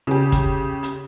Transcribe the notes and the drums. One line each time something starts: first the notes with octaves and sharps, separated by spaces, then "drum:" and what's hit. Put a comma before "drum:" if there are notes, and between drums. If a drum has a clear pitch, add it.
C#3 G4
drum: kick, hi-hat
drum: hi-hat